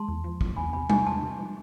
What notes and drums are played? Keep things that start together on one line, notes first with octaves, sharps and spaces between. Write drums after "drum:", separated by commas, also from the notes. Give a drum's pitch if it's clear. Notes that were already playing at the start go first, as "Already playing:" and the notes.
Already playing: G#3 A5 C6
E2
F3
F3, drum: kick
E2 G#5 B5
C3 G#5 B5
C3 G#5 B5, drum: tom G3
E2 A5 C6
C3
F3